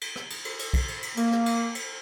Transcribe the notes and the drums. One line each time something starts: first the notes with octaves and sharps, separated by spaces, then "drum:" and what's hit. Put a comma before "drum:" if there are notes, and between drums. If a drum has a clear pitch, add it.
drum: cymbal
drum: rim click
drum: cymbal
drum: cymbal
drum: cymbal
drum: kick, cymbal
drum: cymbal
drum: cymbal
A#3, drum: cymbal
drum: rim click
drum: cymbal
drum: cymbal